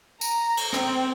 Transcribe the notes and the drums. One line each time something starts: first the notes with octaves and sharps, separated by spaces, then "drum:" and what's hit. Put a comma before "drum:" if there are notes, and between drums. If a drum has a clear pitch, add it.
A#5, drum: tambourine
drum: cymbal
C4, drum: rim click